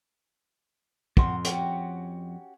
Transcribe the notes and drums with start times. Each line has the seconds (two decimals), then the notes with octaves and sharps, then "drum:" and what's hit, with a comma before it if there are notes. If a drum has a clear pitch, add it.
1.17 F2 F#4 C6, drum: kick
1.45 C#4 F#4 G4, drum: hi-hat